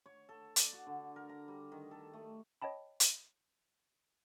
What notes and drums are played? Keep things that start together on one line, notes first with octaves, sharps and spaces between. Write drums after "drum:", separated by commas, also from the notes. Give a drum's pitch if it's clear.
C#5
A4
D5, drum: hi-hat
F#4
D3
A#4
A#5
G3
D#3
A4
A3
C#5 D#5 G5 A5 B5
drum: hi-hat